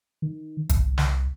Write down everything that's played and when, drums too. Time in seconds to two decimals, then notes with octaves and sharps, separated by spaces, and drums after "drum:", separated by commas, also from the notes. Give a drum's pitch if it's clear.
0.22 D#3
0.69 C2, drum: kick, hi-hat
0.98 drum: snare